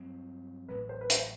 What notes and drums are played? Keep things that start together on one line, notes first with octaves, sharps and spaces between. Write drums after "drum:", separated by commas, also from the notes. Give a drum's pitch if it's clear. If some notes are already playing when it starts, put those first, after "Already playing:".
Already playing: G2 F#3 C4
A1 A2 F#3 B4
C5
B4
C5, drum: hi-hat